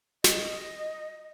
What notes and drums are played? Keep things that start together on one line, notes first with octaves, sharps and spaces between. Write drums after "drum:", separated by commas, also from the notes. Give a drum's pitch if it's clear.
D#5, drum: snare